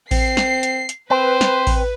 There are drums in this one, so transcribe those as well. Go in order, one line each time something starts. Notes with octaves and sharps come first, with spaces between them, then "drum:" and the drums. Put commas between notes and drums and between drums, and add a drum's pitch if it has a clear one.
C4 C7, drum: kick A1, open hi-hat
drum: snare
drum: hi-hat
drum: hi-hat
C4 B4 C5
drum: snare
drum: kick A1, open hi-hat